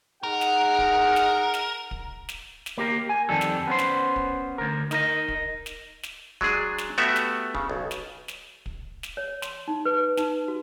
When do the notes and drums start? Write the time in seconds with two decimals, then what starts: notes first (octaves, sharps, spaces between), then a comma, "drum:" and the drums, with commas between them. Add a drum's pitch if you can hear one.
0.23 D#4 G#4 A#4 F#5
0.41 drum: snare
0.79 drum: kick
1.16 drum: snare
1.54 drum: snare
1.91 drum: kick
2.29 drum: snare
2.66 drum: snare
2.78 A#3 G4 A#4
3.09 G#5
3.29 F2 D#3 G3 A4
3.41 drum: snare
3.67 B3 C#4 C5
3.79 drum: snare
4.16 drum: kick
4.58 D2 A#4
4.91 D#4 A#4 D#5, drum: snare
5.28 drum: kick
5.66 drum: snare
6.03 drum: snare
6.41 F#3 G#3 D4 G#4, drum: kick
6.78 drum: snare
6.98 A3 B3 F#4 G4 E5
7.16 drum: snare
7.55 C#3, drum: kick
7.70 B1
7.91 drum: snare
8.28 drum: snare
8.66 drum: kick
9.03 drum: snare
9.17 C#5
9.42 C6, drum: snare
9.68 D#4
9.85 B4
10.17 D#4, drum: snare
10.48 F#4